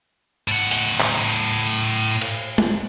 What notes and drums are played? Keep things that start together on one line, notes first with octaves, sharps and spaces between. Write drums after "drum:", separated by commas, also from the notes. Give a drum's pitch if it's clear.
A2 F#5, drum: tambourine
drum: open hi-hat
drum: clap
drum: cymbal
drum: tom G#3